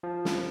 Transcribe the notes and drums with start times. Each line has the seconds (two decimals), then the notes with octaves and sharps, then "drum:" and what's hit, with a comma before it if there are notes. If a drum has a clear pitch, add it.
0.03 F3
0.25 drum: snare